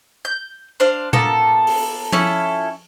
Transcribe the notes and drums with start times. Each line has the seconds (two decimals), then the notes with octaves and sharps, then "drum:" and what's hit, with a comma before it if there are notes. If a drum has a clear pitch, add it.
0.25 G6
0.80 D4 C5 F5
1.13 A#3 B3 F4 A4, drum: tom A#2
1.67 drum: open hi-hat
2.12 C#4 E4 F4 A4, drum: tom F3